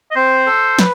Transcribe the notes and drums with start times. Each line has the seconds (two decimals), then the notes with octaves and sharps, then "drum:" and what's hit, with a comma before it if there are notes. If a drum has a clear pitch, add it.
0.11 D#5
0.16 C4 C5
0.46 A4
0.79 B4, drum: snare